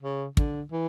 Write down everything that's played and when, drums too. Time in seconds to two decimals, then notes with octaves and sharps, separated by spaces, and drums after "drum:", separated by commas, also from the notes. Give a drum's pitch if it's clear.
0.02 C#3
0.37 D3, drum: kick
0.72 E3